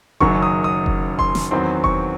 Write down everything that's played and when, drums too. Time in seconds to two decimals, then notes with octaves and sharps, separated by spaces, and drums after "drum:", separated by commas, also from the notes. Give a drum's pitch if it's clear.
0.20 F#1 F#2 D#3 F#3 C#6, drum: kick F1
0.43 D#6
0.64 D#6
0.86 drum: kick F1
1.19 C6, drum: kick F1
1.35 drum: snare
1.51 E2 D#3 F#3 C4 C6
1.84 C#6, drum: kick F1